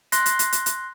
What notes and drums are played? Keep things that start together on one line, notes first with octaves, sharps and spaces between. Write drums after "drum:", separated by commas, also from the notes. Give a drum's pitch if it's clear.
C6 F6 F#6 A#6 C7, drum: hi-hat
drum: hi-hat
drum: hi-hat
drum: hi-hat
drum: hi-hat